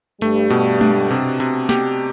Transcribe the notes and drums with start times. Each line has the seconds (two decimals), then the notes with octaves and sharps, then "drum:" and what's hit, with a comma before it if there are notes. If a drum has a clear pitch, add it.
0.21 G2 G3 A3, drum: hi-hat
0.50 B2, drum: hi-hat
0.81 D4, drum: tom G#3
1.10 C3
1.40 C3, drum: hi-hat
1.69 G4, drum: snare